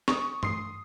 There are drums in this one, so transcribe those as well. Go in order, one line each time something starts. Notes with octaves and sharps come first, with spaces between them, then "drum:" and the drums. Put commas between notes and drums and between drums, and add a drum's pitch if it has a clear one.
C#6 D#6, drum: snare
C6 D#6 C7, drum: tom